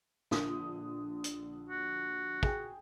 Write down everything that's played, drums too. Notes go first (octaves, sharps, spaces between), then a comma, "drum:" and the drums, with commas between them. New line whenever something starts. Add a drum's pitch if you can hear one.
A#1 D3 D#6, drum: snare
drum: hi-hat
F#4
G#4 G5, drum: kick